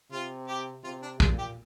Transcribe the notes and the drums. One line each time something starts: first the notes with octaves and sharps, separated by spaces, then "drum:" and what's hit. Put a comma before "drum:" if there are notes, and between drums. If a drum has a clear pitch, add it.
C3 F4
G4
C3 F4
D4
A#2 F4, drum: kick
G4